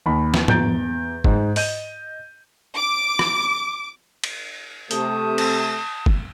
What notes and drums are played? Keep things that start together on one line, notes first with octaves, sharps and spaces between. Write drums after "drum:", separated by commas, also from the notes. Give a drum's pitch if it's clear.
D#2 B5
drum: snare
E2 A#5 G6 A6 D7, drum: tom
G#2, drum: kick
D#5 G6 D#7, drum: open hi-hat
D6
drum: rim click
drum: cymbal
C3 A3 A5 D#6 G6, drum: hi-hat
drum: cymbal
drum: kick